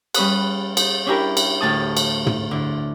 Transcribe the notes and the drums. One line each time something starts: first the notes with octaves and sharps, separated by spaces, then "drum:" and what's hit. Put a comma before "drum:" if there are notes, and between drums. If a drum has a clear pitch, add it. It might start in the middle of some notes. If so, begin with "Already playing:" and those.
G3 C#4 B4 D#6 F#6, drum: cymbal
D#4, drum: cymbal
C#4 D4 E4 G4 A#4 B4
drum: cymbal
D2 A2 A5 D#6
drum: cymbal
drum: tom
D3 E4